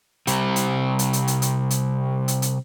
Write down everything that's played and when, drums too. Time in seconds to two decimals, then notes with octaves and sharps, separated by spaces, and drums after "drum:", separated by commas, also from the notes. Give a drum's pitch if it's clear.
0.27 C3 G3, drum: hi-hat
0.56 drum: hi-hat
0.99 drum: hi-hat
1.13 drum: hi-hat
1.28 drum: hi-hat
1.42 drum: hi-hat
1.70 drum: hi-hat
2.28 drum: hi-hat
2.42 drum: hi-hat